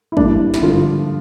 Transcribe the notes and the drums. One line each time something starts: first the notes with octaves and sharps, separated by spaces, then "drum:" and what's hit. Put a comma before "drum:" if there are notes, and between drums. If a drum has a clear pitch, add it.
E4
G2 E3 G3 A#3 D4, drum: kick
E4, drum: snare
G2 D3 F3 F4